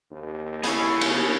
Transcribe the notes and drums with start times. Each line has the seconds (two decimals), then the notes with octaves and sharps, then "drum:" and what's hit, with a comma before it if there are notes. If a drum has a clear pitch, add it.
0.11 D#2
0.63 C#4 E4 G#4 B5 A6 C7, drum: hi-hat
1.01 drum: cymbal